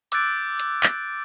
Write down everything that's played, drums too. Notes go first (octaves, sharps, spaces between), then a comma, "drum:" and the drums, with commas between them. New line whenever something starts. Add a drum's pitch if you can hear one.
D6 E6 F#6 G6 A6 D7, drum: hi-hat
drum: hi-hat
drum: clap